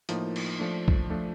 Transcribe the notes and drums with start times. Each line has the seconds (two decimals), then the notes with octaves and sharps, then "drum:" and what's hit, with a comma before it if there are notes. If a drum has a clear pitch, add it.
0.09 A2 F3 A#3 D#4, drum: hi-hat
0.36 drum: cymbal
0.60 F3 A3 D4
0.88 drum: kick
1.10 F3 A3 D4